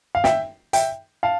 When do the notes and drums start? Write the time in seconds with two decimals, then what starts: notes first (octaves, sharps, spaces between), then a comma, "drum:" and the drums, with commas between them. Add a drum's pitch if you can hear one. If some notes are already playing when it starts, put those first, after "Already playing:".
0.15 F5
0.24 E5 G5, drum: snare
0.73 E5 G5, drum: hi-hat
1.23 F5 A5